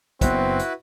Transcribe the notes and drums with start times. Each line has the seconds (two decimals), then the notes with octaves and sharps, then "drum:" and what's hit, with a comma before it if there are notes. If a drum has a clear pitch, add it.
0.21 F#1 B3 C4 E4 F#4 B4, drum: kick, hi-hat
0.59 drum: hi-hat